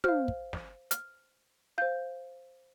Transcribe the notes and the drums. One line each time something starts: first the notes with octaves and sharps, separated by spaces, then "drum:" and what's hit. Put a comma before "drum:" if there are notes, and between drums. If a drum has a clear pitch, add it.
C5 F5 F6, drum: tom
drum: kick
drum: snare
F6, drum: hi-hat
C5 F5 G6